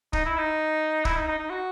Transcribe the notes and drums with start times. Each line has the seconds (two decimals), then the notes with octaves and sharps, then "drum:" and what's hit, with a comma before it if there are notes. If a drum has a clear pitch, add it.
0.13 D#4, drum: kick
0.26 E4
0.38 D#4
1.05 E4, drum: kick
1.16 D#4
1.28 D#4
1.39 D#4
1.50 F#4